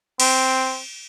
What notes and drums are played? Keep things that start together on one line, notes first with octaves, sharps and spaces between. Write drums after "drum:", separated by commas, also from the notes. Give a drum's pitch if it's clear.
C4, drum: cymbal